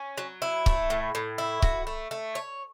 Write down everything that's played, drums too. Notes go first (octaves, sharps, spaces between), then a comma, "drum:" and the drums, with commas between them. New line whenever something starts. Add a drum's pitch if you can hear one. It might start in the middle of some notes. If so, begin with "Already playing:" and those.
Already playing: C#4
F#3
E4
A3, drum: kick C#1
A2
A2
E4
F#4, drum: kick C#1
A3
A3
C#5